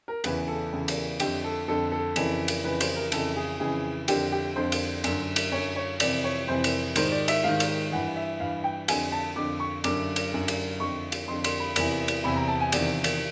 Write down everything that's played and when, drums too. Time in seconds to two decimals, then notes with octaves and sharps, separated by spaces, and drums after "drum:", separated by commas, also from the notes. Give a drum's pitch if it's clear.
0.08 A#4
0.24 E2 C#3 E3 B4, drum: cymbal
0.48 A4
0.72 E2 C#3 E3
0.88 drum: cymbal
1.20 F2 D3 G4, drum: cymbal
1.44 A4
1.68 F2 D3 A4
1.92 A4
2.16 F2 C#3 E3, drum: cymbal
2.48 drum: cymbal
2.64 F2 C#3 E3 B4
2.81 C5, drum: cymbal
2.96 A#4
3.12 F2 C#3 E3 A4, drum: cymbal
3.36 G#4
3.60 F2 C#3 E3 G#4
4.08 F2 D3 G4, drum: cymbal
4.32 G4
4.56 F2 D3 C5
4.72 drum: cymbal
5.04 F#2 D3, drum: cymbal
5.36 drum: cymbal
5.52 F#2 D3 C#5
5.76 C#5
6.00 F2 C3 E3 D5, drum: cymbal
6.24 C#5
6.48 F2 C3 E3 C5
6.64 drum: cymbal
6.96 G#2 D#3 C5, drum: cymbal
7.12 D5
7.28 E5, drum: cymbal
7.44 G#2 D#3 F5
7.60 drum: cymbal
7.92 G2 E3 F#5
8.16 E5
8.40 G2 E3 F5
8.64 G5
8.88 F2 D3 G#5, drum: cymbal
9.12 A5
9.36 F2 D3 D6
9.60 C#6
9.84 F#2 D3 D6, drum: cymbal
10.16 drum: cymbal
10.32 F#2 D3
10.48 drum: cymbal
10.80 F2 D3 C#6
11.12 drum: cymbal
11.28 F2 D3 C6
11.44 C6, drum: cymbal
11.60 B5
11.76 E2 C3 E3, drum: cymbal
12.08 drum: cymbal
12.24 E2 C3 E3 B5
12.36 A#5
12.48 A5
12.60 G#5
12.72 E2 C3 D#3 D5, drum: cymbal
13.04 drum: cymbal